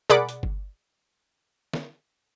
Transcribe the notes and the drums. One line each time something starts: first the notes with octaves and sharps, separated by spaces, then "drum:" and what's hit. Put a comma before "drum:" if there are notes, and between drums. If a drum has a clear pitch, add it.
G#4 A#4 D5 F#5 B5 D6, drum: tom B2
drum: hi-hat
drum: kick G1
drum: snare